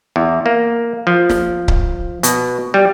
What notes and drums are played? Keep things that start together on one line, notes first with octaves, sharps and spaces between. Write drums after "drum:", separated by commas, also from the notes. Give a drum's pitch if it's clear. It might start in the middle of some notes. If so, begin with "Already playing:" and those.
E2
A#3
F3
drum: snare
drum: kick C#1
B2, drum: hi-hat
G3